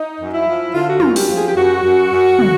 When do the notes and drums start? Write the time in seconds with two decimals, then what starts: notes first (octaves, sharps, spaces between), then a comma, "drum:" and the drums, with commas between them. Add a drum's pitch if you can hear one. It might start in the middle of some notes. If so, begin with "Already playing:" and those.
Already playing: D#4
0.20 F#2
0.33 E4
0.48 F3
0.74 D3 F4
0.88 F#4
1.00 F#2 F4, drum: tom
1.16 G4, drum: open hi-hat
1.29 F3
1.37 G#4
1.47 G4
1.56 F#2 F#4
1.84 F#2
2.12 F#2
2.39 D3, drum: tom